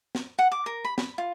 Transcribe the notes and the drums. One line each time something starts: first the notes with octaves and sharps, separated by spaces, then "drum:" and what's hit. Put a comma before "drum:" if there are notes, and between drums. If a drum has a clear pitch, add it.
drum: snare
F#5
D6
A#4
B5
B5, drum: snare
F4